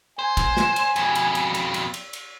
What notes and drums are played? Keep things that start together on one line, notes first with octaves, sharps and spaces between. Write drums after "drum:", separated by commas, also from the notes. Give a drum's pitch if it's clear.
C5 G#5
drum: kick, cymbal
drum: snare
drum: cymbal
F2 B2, drum: cymbal
drum: cymbal
drum: cymbal
drum: cymbal
drum: cymbal
drum: cymbal
drum: cymbal